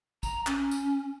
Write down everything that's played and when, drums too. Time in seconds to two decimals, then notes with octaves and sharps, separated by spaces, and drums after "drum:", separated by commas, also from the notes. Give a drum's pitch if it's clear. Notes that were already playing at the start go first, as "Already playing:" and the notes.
0.23 A#5, drum: kick A1, tambourine
0.47 C#4, drum: clap
0.71 drum: tambourine